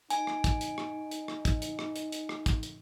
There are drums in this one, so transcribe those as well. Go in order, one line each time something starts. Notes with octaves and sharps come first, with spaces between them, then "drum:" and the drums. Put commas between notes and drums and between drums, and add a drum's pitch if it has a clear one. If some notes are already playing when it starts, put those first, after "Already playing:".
D#4 G#5, drum: hi-hat
drum: rim click
drum: kick, hi-hat
drum: hi-hat
drum: rim click
drum: hi-hat
drum: rim click
drum: kick, hi-hat
drum: hi-hat
drum: rim click
drum: hi-hat
drum: hi-hat
drum: rim click
drum: kick, hi-hat
drum: hi-hat